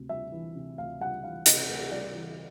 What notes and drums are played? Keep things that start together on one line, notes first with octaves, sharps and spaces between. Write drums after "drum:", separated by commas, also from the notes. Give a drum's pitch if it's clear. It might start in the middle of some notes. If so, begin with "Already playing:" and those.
Already playing: D2 C3
G3 E5
E3
C3
D2 F5
G3 F#5
E3 F5
C3 D#5, drum: hi-hat
D2
G3 D5
E3